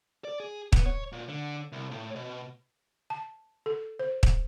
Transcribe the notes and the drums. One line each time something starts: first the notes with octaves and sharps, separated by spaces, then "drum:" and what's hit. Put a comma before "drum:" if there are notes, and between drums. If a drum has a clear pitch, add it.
D5
G#4
B3, drum: kick
C#5
A#2
D3
C2
A2
B2
A5
A4
C5
drum: kick